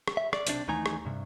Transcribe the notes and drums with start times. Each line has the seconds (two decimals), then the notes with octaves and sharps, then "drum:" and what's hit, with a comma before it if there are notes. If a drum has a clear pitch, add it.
0.08 drum: rim click
0.17 E5
0.33 D5, drum: rim click
0.47 B1 C3 D4, drum: hi-hat
0.68 D#2 E3 A3 D#4 G#5 A#5
0.86 drum: rim click
1.05 G2 C3